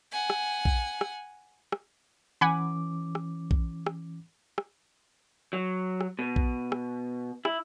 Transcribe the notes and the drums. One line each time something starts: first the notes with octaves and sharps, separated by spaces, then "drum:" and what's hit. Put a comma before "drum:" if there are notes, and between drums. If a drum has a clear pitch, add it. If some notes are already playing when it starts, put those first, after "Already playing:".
F#5 G#5
drum: rim click
drum: kick A#1
drum: rim click
drum: rim click
E3 C#4 F#5 G#5 B5 D6
drum: rim click
drum: kick A#1
drum: rim click
drum: rim click
F#3
drum: rim click
B2
drum: kick A#1
drum: rim click
E4, drum: rim click